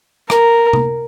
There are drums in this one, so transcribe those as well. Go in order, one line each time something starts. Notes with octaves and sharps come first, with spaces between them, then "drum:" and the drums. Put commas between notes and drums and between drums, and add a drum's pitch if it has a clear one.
A#4, drum: rim click
drum: tom C3